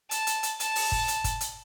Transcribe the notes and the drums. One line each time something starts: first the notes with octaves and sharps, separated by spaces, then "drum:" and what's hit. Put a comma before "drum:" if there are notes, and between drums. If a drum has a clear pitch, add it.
A5, drum: hi-hat
drum: hi-hat
drum: hi-hat
A5, drum: hi-hat
drum: open hi-hat
drum: kick
drum: hi-hat
drum: kick, hi-hat
drum: hi-hat